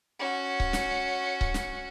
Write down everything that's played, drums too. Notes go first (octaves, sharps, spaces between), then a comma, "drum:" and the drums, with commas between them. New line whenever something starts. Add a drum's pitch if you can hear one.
C#4 F#4
drum: kick C#1
drum: snare
drum: kick C#1
drum: snare